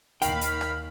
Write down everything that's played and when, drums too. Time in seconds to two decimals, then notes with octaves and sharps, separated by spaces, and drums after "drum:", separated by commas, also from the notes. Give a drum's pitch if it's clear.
0.22 D#2 D#3 F5 G5 B5, drum: hi-hat
0.41 drum: hi-hat
0.61 drum: rim click